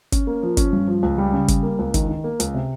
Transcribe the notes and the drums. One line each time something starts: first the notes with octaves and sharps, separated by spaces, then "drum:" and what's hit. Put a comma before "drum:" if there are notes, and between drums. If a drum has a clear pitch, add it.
C#4, drum: kick G1, hi-hat
A#3
F3
C#4, drum: kick G1, hi-hat
G2
F3
C#2
G3
C#3
G3, drum: kick G1, hi-hat
A#3
C#2
D#3, drum: kick G1, hi-hat
D#3
A#3
C#2, drum: hi-hat
C3